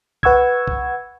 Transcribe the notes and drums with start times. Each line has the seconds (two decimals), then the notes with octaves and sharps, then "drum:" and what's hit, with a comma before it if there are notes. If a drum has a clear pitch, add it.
0.23 B4 F#5 C#6 E6 G#6, drum: kick
0.68 drum: kick